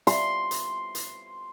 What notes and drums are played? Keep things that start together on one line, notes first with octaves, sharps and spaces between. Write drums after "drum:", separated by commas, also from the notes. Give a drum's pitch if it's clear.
C6, drum: hi-hat
drum: hi-hat
drum: hi-hat